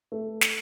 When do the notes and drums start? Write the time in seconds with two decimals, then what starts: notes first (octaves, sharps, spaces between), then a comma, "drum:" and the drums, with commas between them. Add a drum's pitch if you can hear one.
0.12 A3
0.41 drum: snare